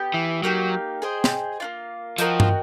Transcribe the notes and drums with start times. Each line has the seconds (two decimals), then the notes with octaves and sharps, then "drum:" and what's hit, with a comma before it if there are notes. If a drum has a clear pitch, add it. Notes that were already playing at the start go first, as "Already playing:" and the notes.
Already playing: B3 G4
0.14 E3
0.43 F#3 A#3 D#4 G4
1.02 G#4 C5 D#5 G5
1.24 drum: snare
1.60 A#3 D4 F4
2.18 F3 F#4 A#4 D#5 G5, drum: hi-hat
2.40 drum: tom G2